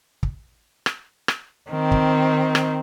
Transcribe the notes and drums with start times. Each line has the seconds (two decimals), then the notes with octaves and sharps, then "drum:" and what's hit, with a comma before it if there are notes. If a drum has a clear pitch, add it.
0.23 drum: kick
0.86 drum: rim click
1.28 drum: rim click
1.70 D#3 C4
1.92 drum: kick
2.55 drum: rim click